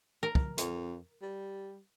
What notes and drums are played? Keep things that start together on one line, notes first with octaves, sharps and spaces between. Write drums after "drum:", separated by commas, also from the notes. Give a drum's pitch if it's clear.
A#4
drum: kick
F2, drum: hi-hat
G3